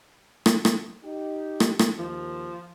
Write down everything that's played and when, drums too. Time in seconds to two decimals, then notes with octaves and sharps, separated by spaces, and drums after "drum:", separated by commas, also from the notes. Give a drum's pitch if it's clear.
0.46 drum: rim click
0.65 drum: rim click
1.03 D#4 G4
1.60 drum: rim click
1.79 drum: rim click
1.98 D#2 F3